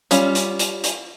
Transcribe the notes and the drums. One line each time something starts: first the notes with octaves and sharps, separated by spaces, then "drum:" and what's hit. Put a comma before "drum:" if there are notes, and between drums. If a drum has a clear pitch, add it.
G3 C#4 F4, drum: hi-hat
drum: hi-hat
drum: hi-hat
drum: hi-hat